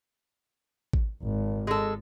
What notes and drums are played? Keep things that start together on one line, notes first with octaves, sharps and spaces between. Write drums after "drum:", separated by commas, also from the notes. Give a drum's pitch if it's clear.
drum: kick G#1
G#1
G#3 A4